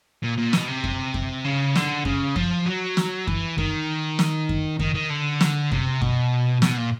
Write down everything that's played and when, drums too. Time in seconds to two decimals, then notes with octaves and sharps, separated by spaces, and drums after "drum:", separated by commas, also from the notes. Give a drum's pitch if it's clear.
0.23 A#2
0.37 A#2
0.53 B2, drum: snare
0.68 C3
0.84 drum: kick F#2
1.14 drum: kick F#2
1.45 C#3
1.76 D3, drum: snare
2.05 C#3, drum: kick F#2
2.36 F3, drum: kick F#2
2.66 F#3
2.97 drum: snare
3.27 E3, drum: kick F#2
3.58 D#3, drum: kick F#2
4.19 drum: snare
4.49 drum: kick F#2
4.80 D#3, drum: kick F#2
4.95 D#3
5.10 D3
5.41 drum: snare
5.72 C3, drum: kick F#2
6.02 B2, drum: kick F#2
6.62 B2, drum: snare
6.78 A#2